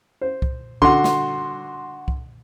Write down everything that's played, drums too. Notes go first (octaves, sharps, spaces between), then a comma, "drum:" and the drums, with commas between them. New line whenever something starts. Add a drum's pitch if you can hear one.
C5
drum: kick C2
D3 F#4 C6, drum: kick C2
drum: snare
drum: kick C2